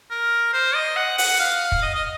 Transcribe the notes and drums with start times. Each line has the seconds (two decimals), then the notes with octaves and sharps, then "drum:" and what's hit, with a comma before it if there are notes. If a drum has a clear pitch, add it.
0.10 A#4
0.53 C5
0.75 D#5
0.96 F#5
1.18 F#5, drum: open hi-hat
1.39 F5
1.72 drum: kick
1.83 D#5
1.95 D#5